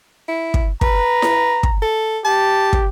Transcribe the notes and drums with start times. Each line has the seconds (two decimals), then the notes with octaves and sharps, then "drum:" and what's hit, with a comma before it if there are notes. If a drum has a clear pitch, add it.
0.28 E4
0.54 drum: kick
0.81 B4 A#5, drum: kick
1.22 drum: snare E4
1.63 drum: kick
1.82 A4
2.25 G4 A5
2.73 drum: kick